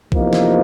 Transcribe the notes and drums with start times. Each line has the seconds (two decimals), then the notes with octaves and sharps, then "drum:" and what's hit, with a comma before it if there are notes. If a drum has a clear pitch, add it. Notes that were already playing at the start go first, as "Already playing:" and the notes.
0.12 E2 C3 F3 A#3 D#4, drum: kick B1
0.33 drum: snare